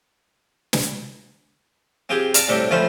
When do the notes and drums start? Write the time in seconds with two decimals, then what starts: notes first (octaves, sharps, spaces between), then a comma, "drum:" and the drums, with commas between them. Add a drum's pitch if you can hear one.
0.73 drum: snare
2.09 C4 F4 G4 G#4
2.34 D5 F5 A5 A#5, drum: hi-hat
2.48 A2 C3 G3 D4 A4
2.71 C#2 F3 A3 F4 C5 B5